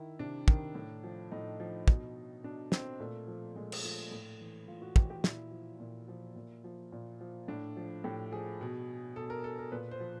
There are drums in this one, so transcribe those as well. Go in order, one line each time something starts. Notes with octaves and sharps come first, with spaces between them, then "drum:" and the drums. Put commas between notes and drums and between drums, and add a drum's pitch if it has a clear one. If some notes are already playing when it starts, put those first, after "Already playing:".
Already playing: D#3 E4
C3 D4
D#3, drum: kick
A2
F3
A2 D#4
F3
B2, drum: kick
B2 D4
C4, drum: snare
A#2 A3
F3
A#2 G#3
drum: cymbal
F3 A3
A2
E3
A2 F4
F#4
E3 G4, drum: kick
G4
A#2 E4, drum: snare
F3
A#2
F3
A#2
F3
A#2
F3
A2 D4
F3
A2 G4
F3 G#4
B2
B2 A4
A#4
A4
A#4
A#2 B4
C5
F3